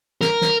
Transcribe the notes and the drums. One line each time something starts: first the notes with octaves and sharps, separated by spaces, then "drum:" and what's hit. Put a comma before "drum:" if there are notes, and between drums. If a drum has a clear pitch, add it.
A#4, drum: snare
drum: snare